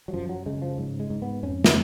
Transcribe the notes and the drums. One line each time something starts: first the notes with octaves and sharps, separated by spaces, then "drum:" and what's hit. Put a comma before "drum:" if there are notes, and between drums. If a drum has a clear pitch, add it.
F#3
F#2 F3
F#3
C#3 G#3
F3
G#2
G#3
G#2
B3
F2 C#4
drum: snare